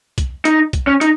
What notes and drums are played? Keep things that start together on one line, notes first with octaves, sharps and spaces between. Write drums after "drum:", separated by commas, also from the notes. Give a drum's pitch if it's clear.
drum: kick, hi-hat
D#4, drum: hi-hat
drum: kick, hi-hat
C#4
D#4, drum: hi-hat